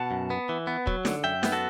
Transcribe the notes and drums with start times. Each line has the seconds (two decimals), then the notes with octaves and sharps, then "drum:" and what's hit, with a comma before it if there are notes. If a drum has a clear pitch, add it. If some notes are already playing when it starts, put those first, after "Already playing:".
Already playing: B2 F#5 A5
0.11 F#2
0.30 B3
0.49 E3
0.67 B3
0.87 F#3, drum: kick
1.05 D3, drum: snare
1.24 F#2 E5 G5
1.43 B3, drum: snare
1.52 F#4 A4